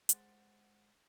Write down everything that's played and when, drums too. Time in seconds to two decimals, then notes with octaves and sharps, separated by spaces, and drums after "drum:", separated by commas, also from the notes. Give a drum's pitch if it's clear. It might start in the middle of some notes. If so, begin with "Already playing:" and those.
0.09 G#3 C5 F#5 A6, drum: hi-hat